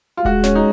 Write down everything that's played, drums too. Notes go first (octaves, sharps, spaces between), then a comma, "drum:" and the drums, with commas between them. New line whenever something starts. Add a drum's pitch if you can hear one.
F4
G#3 F#4, drum: kick D#1
C#4, drum: snare
D#4